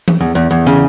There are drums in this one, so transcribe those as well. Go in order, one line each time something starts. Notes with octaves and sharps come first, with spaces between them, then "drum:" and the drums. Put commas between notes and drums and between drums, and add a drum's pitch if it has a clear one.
drum: tom E3
E2
E2
E2
C#3